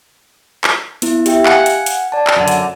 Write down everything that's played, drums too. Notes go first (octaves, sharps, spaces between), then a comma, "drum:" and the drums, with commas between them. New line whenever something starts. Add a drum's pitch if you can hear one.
drum: clap
B3 E4, drum: hi-hat
G4 E5 G5, drum: hi-hat
F5 F#5 G#5, drum: clap
drum: hi-hat
drum: hi-hat
D5 A5
drum: clap
F#2 D3
drum: hi-hat